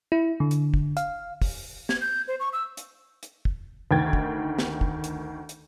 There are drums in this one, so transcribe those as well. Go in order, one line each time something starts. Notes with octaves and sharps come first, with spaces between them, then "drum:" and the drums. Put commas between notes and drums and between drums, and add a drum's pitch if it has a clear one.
E4
D3
drum: hi-hat
drum: kick
F5, drum: hi-hat
drum: kick, open hi-hat
G#6, drum: snare
G6
C5
C#6
E6
drum: hi-hat
drum: hi-hat
drum: kick
D2 D#3 G5 G#6 A6
drum: kick
drum: snare
drum: kick
drum: hi-hat
drum: hi-hat